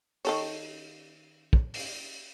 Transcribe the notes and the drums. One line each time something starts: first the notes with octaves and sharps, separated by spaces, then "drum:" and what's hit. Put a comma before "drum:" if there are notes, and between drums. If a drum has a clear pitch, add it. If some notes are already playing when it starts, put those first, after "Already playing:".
D#3 A4 C#5, drum: open hi-hat
drum: kick
drum: open hi-hat